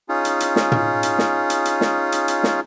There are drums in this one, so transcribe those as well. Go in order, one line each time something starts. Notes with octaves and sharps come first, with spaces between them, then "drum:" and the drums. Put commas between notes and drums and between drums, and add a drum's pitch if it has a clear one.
C#4 D#4 F4 G#4
drum: hi-hat
drum: hi-hat
drum: snare
drum: tom
drum: hi-hat
drum: snare
drum: hi-hat
drum: hi-hat
drum: snare
drum: hi-hat
drum: hi-hat
drum: snare